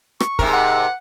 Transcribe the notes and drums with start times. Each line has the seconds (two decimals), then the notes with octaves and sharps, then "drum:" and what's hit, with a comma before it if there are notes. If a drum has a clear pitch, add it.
0.20 C#6, drum: rim click
0.39 G#2 C3 A#4, drum: kick
0.53 F#5